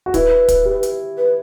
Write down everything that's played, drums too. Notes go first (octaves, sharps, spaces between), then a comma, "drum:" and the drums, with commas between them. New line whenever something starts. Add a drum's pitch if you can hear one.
F#4
E4 B4, drum: kick, hi-hat
drum: kick, hi-hat
G4
drum: hi-hat
B4